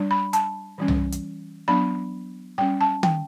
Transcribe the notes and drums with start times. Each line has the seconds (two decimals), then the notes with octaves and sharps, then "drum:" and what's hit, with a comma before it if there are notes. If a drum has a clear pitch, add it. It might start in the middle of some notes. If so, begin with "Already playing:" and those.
Already playing: G3 D4
0.11 B5
0.33 A5, drum: hi-hat
0.78 E3 G3 C#4
0.88 drum: tom C2
1.12 drum: hi-hat
1.68 F#3 B3 D4 B5
2.58 G3 C#4 G5
2.81 A5
3.03 G5, drum: tom D#3